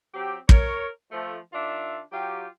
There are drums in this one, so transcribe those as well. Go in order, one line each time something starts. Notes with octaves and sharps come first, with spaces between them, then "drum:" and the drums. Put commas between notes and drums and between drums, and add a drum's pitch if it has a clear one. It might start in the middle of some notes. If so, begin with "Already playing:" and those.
F#3 C4 G4
A#4 C#5, drum: kick
F3 A3
D#3 D4 F4 D5 E5
F#3 F4 G4